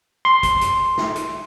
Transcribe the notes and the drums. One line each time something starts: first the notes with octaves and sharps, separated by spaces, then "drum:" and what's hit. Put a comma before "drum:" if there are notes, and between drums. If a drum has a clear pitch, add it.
C6
drum: kick, hi-hat
drum: hi-hat
drum: snare
drum: hi-hat